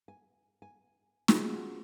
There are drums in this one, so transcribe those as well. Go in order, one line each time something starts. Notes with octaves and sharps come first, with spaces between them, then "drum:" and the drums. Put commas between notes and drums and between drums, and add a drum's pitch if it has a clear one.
G#5
G#5
C#4 F4 F#4 G#4 A#4 C5, drum: snare